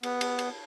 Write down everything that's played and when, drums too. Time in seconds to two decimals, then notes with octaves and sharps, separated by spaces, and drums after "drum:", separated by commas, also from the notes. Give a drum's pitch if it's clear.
0.03 B3, drum: cymbal
0.21 drum: cymbal
0.39 drum: cymbal